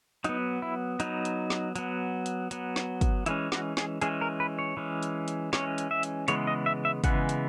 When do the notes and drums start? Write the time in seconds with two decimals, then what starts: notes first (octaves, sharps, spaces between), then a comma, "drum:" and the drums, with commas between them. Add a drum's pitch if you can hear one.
0.24 F#3 B3 D#4, drum: hi-hat
0.62 E4
1.00 F#3 B3 D#4, drum: hi-hat
1.25 drum: hi-hat
1.50 drum: snare
1.76 F#3 B3, drum: hi-hat
2.26 drum: hi-hat
2.51 F#3 B3, drum: hi-hat
2.76 drum: snare
3.01 drum: kick, hi-hat
3.26 E3 G#3 C#4 E4, drum: hi-hat
3.52 F#4, drum: snare
3.77 G#4, drum: snare
4.02 E3 G#3 C#4 G#4, drum: hi-hat
4.21 A#4
4.40 B4
4.59 C#5
4.77 E3 G#3 C#4
5.03 drum: hi-hat
5.28 drum: hi-hat
5.53 E3 G#3 C#4 C#5, drum: snare
5.78 drum: hi-hat
5.91 E5
6.03 drum: hi-hat
6.28 C#3 E3 G#3 B3 C#5, drum: hi-hat
6.47 D#5
6.66 E5
6.85 E5
7.04 C#3 E3 G#3 B3 F#5, drum: kick, hi-hat
7.29 drum: hi-hat